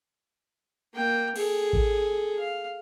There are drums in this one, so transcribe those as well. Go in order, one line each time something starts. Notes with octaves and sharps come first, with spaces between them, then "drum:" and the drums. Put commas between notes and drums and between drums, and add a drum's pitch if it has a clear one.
A#3 G5
G#4 A4, drum: cymbal
drum: kick A1
F5